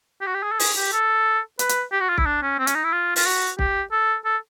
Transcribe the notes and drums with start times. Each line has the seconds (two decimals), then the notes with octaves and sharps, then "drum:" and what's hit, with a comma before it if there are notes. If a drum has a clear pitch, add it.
0.21 G4
0.27 F#4
0.34 G4
0.42 G#4
0.51 A4
0.59 G#4, drum: open hi-hat
0.77 G4
0.92 A4
1.59 B4, drum: hi-hat
1.69 drum: hi-hat
1.92 G4
2.00 F#4
2.09 F4
2.18 E4, drum: kick
2.25 D4
2.42 C#4
2.59 C4
2.67 C#4, drum: hi-hat
2.75 D#4
2.84 E4
2.92 F4
3.16 F4, drum: open hi-hat
3.26 F#4
3.59 G4, drum: kick
3.92 A4
4.25 A4